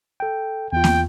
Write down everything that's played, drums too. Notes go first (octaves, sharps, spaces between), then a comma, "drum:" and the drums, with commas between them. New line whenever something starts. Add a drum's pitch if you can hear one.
A4 G5
E2 F4 G5
drum: snare A#3